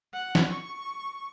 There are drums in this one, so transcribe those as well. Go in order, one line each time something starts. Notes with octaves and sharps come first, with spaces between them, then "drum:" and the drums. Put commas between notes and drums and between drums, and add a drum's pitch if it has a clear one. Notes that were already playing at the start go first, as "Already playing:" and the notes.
F#5
drum: snare
C#6